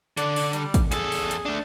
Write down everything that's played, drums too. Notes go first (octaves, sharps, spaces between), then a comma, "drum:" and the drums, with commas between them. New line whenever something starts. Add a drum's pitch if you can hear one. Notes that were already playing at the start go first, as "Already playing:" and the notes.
D3 D5, drum: hi-hat
drum: open hi-hat
G3, drum: hi-hat
drum: kick A1, hi-hat
E2 G#4 A4, drum: hi-hat
drum: open hi-hat
drum: hi-hat
A3 D4